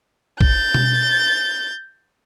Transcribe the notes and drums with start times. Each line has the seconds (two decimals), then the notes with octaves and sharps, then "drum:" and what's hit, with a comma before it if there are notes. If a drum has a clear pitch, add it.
0.41 G6 A6, drum: kick
0.74 drum: tom B2